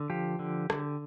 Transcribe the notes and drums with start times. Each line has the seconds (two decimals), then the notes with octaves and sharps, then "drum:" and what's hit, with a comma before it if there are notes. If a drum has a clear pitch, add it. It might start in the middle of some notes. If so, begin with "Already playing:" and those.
Already playing: D3
0.10 F3 G4
0.39 D3
0.70 D3, drum: rim click